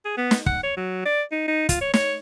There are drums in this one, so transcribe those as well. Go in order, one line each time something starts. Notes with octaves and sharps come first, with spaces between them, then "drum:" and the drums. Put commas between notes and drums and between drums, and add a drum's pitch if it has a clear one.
G#4
B3
drum: snare
F#5, drum: kick
C#5
F#3
D5
D#4
D#4
F4, drum: kick, hi-hat
C#5
C#5, drum: snare